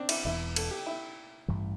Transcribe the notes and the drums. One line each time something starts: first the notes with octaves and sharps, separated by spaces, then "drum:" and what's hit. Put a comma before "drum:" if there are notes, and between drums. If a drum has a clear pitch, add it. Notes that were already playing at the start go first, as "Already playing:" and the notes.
Already playing: C4 D4
E4, drum: cymbal
E1 E2 E3 E4
A4, drum: cymbal
G4
E4
A1 G2 E3 G3